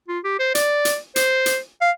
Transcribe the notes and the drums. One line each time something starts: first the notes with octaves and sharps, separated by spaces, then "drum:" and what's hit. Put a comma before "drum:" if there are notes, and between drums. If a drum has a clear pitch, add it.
F4
G4
C5
D5, drum: hi-hat
drum: hi-hat
C5, drum: hi-hat
drum: hi-hat
F5